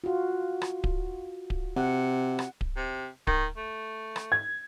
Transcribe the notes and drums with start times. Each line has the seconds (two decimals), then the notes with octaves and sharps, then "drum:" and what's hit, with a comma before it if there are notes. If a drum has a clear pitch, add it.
0.04 F4 F#4
0.62 drum: rim click
0.84 drum: kick D1
1.50 drum: kick D1
1.77 C3 F#5
2.39 drum: rim click
2.61 drum: kick D1
2.76 C3
3.27 D#3, drum: kick D1
3.57 A3
4.16 drum: rim click
4.32 G#6